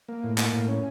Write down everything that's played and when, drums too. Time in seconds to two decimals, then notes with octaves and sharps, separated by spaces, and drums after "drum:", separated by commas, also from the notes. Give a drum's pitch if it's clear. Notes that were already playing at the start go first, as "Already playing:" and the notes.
0.09 A#3
0.24 A2
0.38 A#3, drum: clap
0.53 A2
0.68 C#4